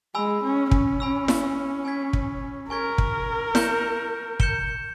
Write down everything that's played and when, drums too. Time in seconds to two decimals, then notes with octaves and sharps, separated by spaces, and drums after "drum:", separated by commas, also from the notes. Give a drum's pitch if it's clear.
0.15 G#3 G#5 B5 E6
0.44 C#4
0.71 C#4, drum: kick
1.00 G#5 B5 E6
1.28 drum: snare E4
1.85 G#5 C#6 G#6 B6
2.13 drum: kick
2.70 A#4 G#5 C#6 G#6 B6
2.98 drum: kick
3.55 G6 C#7 E7 G7, drum: snare E4
4.40 G6 C#7 E7 G7, drum: kick